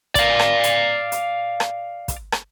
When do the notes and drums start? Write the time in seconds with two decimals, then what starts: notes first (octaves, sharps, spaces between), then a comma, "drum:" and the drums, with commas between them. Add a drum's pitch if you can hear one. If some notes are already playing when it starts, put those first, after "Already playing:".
0.15 D5 F5, drum: kick, hi-hat
0.39 drum: rim click
0.64 drum: hi-hat
1.12 drum: hi-hat
1.60 drum: rim click
2.08 drum: kick, hi-hat
2.32 drum: rim click